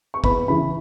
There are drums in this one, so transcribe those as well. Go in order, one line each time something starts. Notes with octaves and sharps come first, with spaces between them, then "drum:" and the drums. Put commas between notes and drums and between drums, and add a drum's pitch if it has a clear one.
C#6
E2 B5, drum: kick
C#3 E3 B5